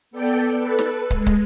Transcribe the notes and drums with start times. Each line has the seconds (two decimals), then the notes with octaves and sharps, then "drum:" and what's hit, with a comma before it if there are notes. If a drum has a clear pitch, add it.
0.11 B3 A4 D5 G5
0.54 A4 B4
0.79 drum: snare
1.10 G#3, drum: kick
1.26 drum: kick